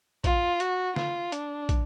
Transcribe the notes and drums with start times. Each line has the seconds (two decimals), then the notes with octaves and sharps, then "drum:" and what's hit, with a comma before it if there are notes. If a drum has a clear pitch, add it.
0.24 F4, drum: kick, hi-hat
0.60 F#4, drum: hi-hat
0.96 F4, drum: snare
1.32 D4, drum: hi-hat
1.69 drum: kick, hi-hat